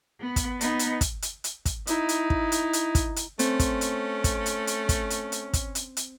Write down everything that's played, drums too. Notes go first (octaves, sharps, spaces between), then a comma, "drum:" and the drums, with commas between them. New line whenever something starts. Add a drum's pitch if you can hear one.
B3
drum: kick, hi-hat
B3 D#4, drum: hi-hat
drum: hi-hat
drum: kick, hi-hat
drum: hi-hat
drum: hi-hat
drum: kick, hi-hat
D#4 E4, drum: hi-hat
drum: hi-hat
drum: kick
drum: hi-hat
drum: hi-hat
drum: kick, hi-hat
drum: hi-hat
A3 C4 C#4, drum: hi-hat
drum: kick, hi-hat
drum: hi-hat
drum: kick, hi-hat
drum: hi-hat
drum: hi-hat
drum: kick, hi-hat
drum: hi-hat
drum: hi-hat
drum: kick, hi-hat
drum: hi-hat
drum: hi-hat